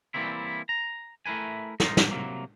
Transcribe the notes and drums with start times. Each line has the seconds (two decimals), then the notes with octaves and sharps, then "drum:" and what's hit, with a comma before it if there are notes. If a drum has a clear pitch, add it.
0.14 E3 G3 A#3 C4 E4
0.69 A#5
1.26 A3 E4 A#4 B4 G#5
1.80 D#4 F4, drum: snare
1.97 drum: snare
2.11 C3 F#3 A#3